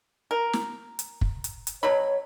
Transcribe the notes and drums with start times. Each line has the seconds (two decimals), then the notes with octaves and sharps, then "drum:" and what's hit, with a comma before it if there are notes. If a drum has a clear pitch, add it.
0.31 A#4
0.53 drum: snare
0.99 drum: hi-hat
1.21 drum: kick
1.44 drum: hi-hat
1.67 drum: hi-hat
1.83 B2 F#3 C#5 B5